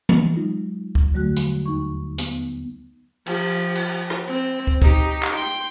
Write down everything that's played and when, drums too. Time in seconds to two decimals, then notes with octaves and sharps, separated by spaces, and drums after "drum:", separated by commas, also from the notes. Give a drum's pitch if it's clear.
0.09 drum: tom E3
0.36 F#3 G#3 D#4 F4
0.95 E2, drum: kick
1.14 D3 F#3 G3 A3 F#4 F#6
1.36 drum: hi-hat
1.66 D#2 D#4 C#6
2.18 B3, drum: hi-hat
3.26 F3 G4, drum: cymbal
3.75 drum: cymbal
4.10 drum: rim click
4.28 C4
4.67 drum: kick
4.82 D#4 G4, drum: kick
5.23 drum: clap
5.35 G5 C6